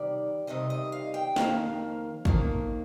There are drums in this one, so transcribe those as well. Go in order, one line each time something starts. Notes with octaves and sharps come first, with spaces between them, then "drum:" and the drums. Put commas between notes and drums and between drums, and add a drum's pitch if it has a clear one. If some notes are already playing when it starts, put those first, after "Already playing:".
Already playing: C3 D#3 G3 D5
C3 D#3 G3 D#5
D#5
F5
G5
F2 D#3 A#3 F5, drum: snare
F2 D#3 A#3, drum: kick